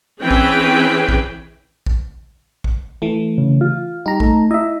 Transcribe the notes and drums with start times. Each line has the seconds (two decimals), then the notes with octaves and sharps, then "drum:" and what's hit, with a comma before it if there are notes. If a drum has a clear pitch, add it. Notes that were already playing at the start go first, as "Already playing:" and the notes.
0.21 E3 C4 C#4 G#4 B4 G5
0.31 drum: kick
1.09 drum: kick
1.86 drum: kick
2.64 drum: kick
3.02 E3 A3
3.38 C#3
3.61 F4
4.06 G3 D#4 A#5
4.20 A3, drum: kick
4.51 E4 D#5 E5